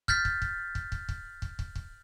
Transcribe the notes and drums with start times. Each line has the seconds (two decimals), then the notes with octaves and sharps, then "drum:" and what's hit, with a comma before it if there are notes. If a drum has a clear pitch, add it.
0.08 F6 G6 A6 B6, drum: kick
0.25 drum: kick
0.42 drum: kick
0.75 drum: kick
0.92 drum: kick
1.09 drum: kick
1.42 drum: kick
1.59 drum: kick
1.76 drum: kick